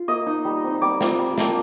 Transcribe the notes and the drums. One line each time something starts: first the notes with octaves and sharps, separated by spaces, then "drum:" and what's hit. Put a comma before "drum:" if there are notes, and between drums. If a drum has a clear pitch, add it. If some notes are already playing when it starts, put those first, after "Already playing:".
Already playing: F4
A#3 D#5
D#4
G3
C4 D#4
G3 D5
C4 F4, drum: snare
G3
A#3 D4, drum: snare